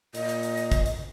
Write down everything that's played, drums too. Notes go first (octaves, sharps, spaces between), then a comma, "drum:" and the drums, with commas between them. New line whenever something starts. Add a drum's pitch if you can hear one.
A#2 D#5, drum: hi-hat
drum: hi-hat
drum: hi-hat
drum: hi-hat
drum: kick, hi-hat
drum: hi-hat